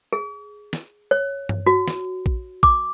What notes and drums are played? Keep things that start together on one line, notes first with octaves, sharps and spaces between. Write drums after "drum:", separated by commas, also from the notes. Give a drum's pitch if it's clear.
G#4
drum: snare
C#5
drum: tom G2
F#4
drum: snare
drum: kick A#1
D6, drum: kick A#1